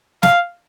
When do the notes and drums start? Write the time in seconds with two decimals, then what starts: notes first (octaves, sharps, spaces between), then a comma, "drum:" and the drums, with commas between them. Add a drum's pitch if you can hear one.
0.23 F5, drum: snare